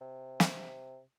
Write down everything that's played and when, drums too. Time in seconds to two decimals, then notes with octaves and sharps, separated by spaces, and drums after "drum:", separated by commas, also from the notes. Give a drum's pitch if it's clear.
0.01 C3
0.40 drum: snare